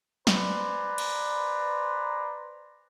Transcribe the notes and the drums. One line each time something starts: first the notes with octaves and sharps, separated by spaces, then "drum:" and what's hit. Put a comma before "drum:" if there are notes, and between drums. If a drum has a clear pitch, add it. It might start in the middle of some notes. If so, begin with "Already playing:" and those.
B4 C5 D5 G#5 A#5, drum: snare
drum: cymbal